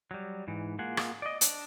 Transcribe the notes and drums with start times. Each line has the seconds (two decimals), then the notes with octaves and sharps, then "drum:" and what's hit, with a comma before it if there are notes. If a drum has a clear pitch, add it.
0.11 F#3 G3
0.48 G#2 E3
0.79 A#3 F4 G#4 F#5
0.97 drum: rim click
1.22 D5 D#5
1.41 D4, drum: hi-hat